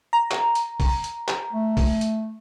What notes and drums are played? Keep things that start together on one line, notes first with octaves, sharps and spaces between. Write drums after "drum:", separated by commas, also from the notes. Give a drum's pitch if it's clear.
A#5
drum: clap
drum: hi-hat
drum: kick, open hi-hat
drum: hi-hat
drum: clap
A3
drum: kick, open hi-hat
drum: hi-hat